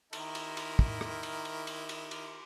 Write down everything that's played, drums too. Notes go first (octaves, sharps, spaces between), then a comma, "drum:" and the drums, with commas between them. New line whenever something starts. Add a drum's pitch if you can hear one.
D#3 E4 A#4, drum: cymbal
drum: cymbal
drum: cymbal
drum: kick
drum: rim click
drum: cymbal
drum: cymbal
drum: cymbal
drum: cymbal
drum: cymbal